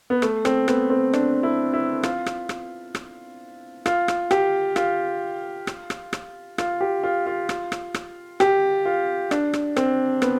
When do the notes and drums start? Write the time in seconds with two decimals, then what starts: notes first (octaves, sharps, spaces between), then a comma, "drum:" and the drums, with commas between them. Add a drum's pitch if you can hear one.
0.10 B3
0.22 A3, drum: rim click
0.45 C4, drum: rim click
0.68 B3, drum: rim click
0.90 C4
1.13 D4, drum: rim click
1.43 E4
1.73 E4
2.03 F4, drum: rim click
2.26 drum: rim click
2.49 drum: rim click
2.95 drum: rim click
3.86 F4, drum: rim click
4.08 drum: rim click
4.31 G4, drum: rim click
4.76 F4, drum: rim click
5.67 drum: rim click
5.90 drum: rim click
6.13 drum: rim click
6.58 F4, drum: rim click
6.81 G4
7.03 F4
7.26 F4
7.49 drum: rim click
7.72 drum: rim click
7.94 drum: rim click
8.40 G4, drum: rim click
8.86 F4
9.31 D4, drum: rim click
9.53 drum: rim click
9.76 C4, drum: rim click
10.22 B3, drum: rim click